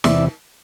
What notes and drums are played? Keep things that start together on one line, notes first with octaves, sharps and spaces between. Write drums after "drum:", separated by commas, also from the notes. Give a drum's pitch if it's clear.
E2 C3 E3 D5 E5, drum: snare